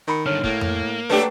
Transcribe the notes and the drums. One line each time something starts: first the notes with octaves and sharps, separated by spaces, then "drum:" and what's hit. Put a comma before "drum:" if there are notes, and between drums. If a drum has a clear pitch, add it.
D#3 A#4 B5 C#7
G2 D3 C#5 F6
A2 A#3, drum: kick
drum: tom F2
F#3 A3 D4 G4 B4 G5